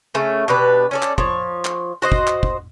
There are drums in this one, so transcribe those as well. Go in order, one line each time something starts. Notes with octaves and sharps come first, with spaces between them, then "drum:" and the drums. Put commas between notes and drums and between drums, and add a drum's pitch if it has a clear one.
C#3 A3 C#4
B2 D4 G4 B4
C#4 A4 D5
drum: clap
F3 C#5, drum: kick
drum: clap
F#4 C5 D#5
drum: kick
drum: clap
drum: kick